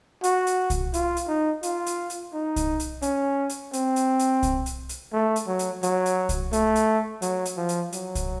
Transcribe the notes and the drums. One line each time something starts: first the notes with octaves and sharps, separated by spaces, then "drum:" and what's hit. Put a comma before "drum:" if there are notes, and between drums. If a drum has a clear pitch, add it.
F#4, drum: hi-hat
drum: hi-hat
drum: kick C2, hi-hat
F4, drum: hi-hat
drum: hi-hat
D#4
F4, drum: hi-hat
drum: hi-hat
drum: hi-hat
D#4
drum: kick C2, hi-hat
drum: hi-hat
C#4, drum: hi-hat
drum: hi-hat
C4, drum: hi-hat
drum: hi-hat
drum: hi-hat
drum: kick C2, hi-hat
drum: hi-hat
drum: hi-hat
A3
drum: hi-hat
F#3
drum: hi-hat
F#3, drum: hi-hat
drum: hi-hat
drum: kick C2, hi-hat
A3, drum: hi-hat
drum: hi-hat
F#3, drum: hi-hat
drum: hi-hat
F3
drum: hi-hat
F#3, drum: hi-hat
drum: kick C2, hi-hat